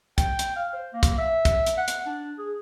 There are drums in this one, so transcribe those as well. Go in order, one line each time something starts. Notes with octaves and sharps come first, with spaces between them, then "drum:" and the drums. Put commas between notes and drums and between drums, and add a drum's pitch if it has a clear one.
G5, drum: kick, hi-hat
drum: hi-hat
F5
C5
A#3
drum: kick, hi-hat
E5
drum: kick, hi-hat
drum: hi-hat
F#5
drum: hi-hat
D4
G#4